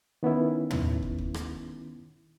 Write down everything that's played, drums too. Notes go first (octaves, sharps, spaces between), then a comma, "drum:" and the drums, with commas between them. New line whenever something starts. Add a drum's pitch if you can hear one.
D#3 B3 C#4 E4
drum: tom
drum: kick
drum: kick
drum: rim click